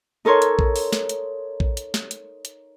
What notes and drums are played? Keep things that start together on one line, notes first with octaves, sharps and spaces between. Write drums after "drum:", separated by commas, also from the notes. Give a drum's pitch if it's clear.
D#4 A4 A#4 C#5 C6
drum: hi-hat
drum: kick A#1
drum: open hi-hat
drum: snare
drum: hi-hat
drum: kick A#1
drum: hi-hat
drum: snare
drum: hi-hat
drum: hi-hat